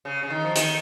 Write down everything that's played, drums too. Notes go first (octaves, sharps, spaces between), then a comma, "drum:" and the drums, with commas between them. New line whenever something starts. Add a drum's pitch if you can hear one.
C#3
C#3
D#3
F3
D#3, drum: hi-hat